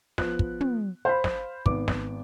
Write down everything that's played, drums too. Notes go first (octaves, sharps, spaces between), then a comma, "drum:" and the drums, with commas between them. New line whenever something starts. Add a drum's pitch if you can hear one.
F3 B3 F#6, drum: snare
drum: kick
drum: tom
C5 F5 B5
drum: snare
G#1 B3 D6, drum: kick
drum: snare